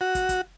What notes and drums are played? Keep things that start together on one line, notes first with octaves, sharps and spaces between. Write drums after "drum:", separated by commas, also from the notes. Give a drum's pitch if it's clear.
F#4
drum: kick, hi-hat
drum: kick, hi-hat